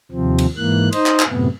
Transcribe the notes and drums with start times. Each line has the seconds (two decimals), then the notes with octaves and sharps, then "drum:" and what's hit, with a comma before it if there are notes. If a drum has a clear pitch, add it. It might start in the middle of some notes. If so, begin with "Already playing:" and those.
0.12 D#2 C3 F3 C4
0.39 drum: cymbal
0.57 G#2 E3 A#3 F#6
0.93 D#4 C5 D#5, drum: cymbal
1.06 drum: clap
1.20 drum: clap
1.29 F#2 A2 C3 B3